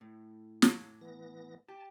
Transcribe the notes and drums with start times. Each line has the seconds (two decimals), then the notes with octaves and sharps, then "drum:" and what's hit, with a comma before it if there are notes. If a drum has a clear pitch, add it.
0.01 A2
0.62 drum: snare
1.01 E3 B3 A#6
1.68 G4 A5